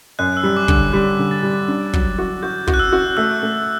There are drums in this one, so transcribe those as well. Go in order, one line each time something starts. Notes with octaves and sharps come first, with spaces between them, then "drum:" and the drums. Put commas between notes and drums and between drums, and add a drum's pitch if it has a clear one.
F#2 F#6
E6
G3
D6
D3, drum: kick
E6
G3 F#6
D3
A6
G3
D4
F#3, drum: kick
F#4
F#4 G6
F#4, drum: kick
F#6
E6
F#4
A3 E6
A3